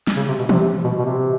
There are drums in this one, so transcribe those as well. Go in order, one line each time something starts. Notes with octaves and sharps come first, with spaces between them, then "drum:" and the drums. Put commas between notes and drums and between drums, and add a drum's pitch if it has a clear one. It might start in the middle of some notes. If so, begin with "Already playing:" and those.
drum: snare
C#3
C3
B2
C3, drum: tom E3
B2
B2
C3